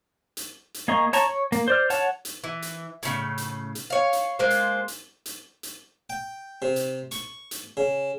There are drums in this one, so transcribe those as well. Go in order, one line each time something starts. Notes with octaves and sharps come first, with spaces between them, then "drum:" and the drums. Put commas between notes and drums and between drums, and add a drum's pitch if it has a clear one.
drum: hi-hat
drum: hi-hat
A#3 G#4 D#5 A#5 C#6
C#5 A5 A#5 C#6, drum: hi-hat
C#5
A#3, drum: hi-hat
C5 D5 F6
C#5 F#5 A5, drum: hi-hat
drum: hi-hat
E3
drum: hi-hat
A2 C#3, drum: hi-hat
drum: hi-hat
drum: hi-hat
C#5 F5
drum: hi-hat
G#3 A#3 F4 C5
drum: hi-hat
drum: hi-hat
drum: hi-hat
drum: hi-hat
G5
C3
drum: hi-hat
C#6, drum: hi-hat
drum: hi-hat
C#3